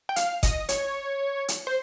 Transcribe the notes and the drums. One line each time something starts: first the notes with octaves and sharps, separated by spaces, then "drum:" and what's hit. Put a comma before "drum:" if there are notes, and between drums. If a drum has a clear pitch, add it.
G5
F5, drum: hi-hat
D#5, drum: kick F#1, hi-hat
C#5, drum: hi-hat
drum: hi-hat
C5